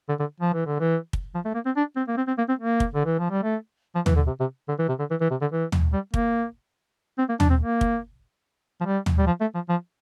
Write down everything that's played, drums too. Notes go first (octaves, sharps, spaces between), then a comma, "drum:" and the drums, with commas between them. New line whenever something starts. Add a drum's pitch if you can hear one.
D3
D3
F3
E3
D3
E3
drum: kick
F3
A3
A#3
C4
D4
C4
A#3
C4
C4
A#3
C4
A#3
drum: kick
D3
E3
F3
G3
A3
F3
E3, drum: tom
D3
C3
C3
D3
E3
C3
D3
E3
E3
C3
D3
E3
drum: tom
G3
A#3, drum: kick
C4
A#3
D4, drum: tom
C4
A#3
drum: kick
F3
G3
drum: tom
G3
F3
A3
F3
F3